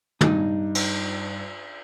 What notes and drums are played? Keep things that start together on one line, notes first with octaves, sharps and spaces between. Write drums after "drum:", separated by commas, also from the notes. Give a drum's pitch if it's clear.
G2 D#4, drum: tom
drum: cymbal